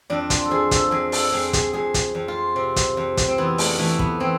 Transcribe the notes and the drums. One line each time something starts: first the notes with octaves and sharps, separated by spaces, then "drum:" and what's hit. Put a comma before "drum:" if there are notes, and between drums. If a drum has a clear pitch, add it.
F2 D4
F4, drum: kick, hi-hat
A4
F3 G#4
A4, drum: kick, hi-hat
F2 G#4
A4, drum: open hi-hat
F2 G#4
G#4, drum: kick, hi-hat
F2 G#4
drum: kick, hi-hat
F2
F4
C3
drum: kick, hi-hat
F2
drum: kick, hi-hat
C4
E3 B3
A3, drum: open hi-hat
E3 A3
B3, drum: kick
E3 C4